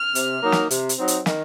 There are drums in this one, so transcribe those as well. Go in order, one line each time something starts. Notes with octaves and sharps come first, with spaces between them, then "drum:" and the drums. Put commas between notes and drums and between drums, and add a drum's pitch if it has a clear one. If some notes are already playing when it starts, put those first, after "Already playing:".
Already playing: F6
C3, drum: hi-hat
F#3 A#3 D#4
drum: snare
C3, drum: hi-hat
drum: hi-hat
F#3 C4 D#4
drum: hi-hat
D#3, drum: snare